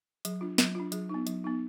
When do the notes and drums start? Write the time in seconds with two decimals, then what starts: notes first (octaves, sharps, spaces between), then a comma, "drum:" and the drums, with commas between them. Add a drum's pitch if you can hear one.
0.25 F#3 G#4, drum: hi-hat
0.41 D4 F4
0.58 F#3, drum: snare
0.75 D4 F4
0.92 F#3 G#4, drum: hi-hat
1.09 B3 D#4
1.27 F#3, drum: hi-hat
1.44 B3 D#4